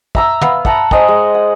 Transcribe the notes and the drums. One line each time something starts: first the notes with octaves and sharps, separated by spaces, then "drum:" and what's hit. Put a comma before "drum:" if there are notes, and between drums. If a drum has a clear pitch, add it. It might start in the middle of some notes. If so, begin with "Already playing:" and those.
E5 A#5 E6, drum: kick
B3 F5, drum: tom
E5 F#5 A5 A#5, drum: kick
C5 D#5 G#5 A#5, drum: kick
G#3
F#5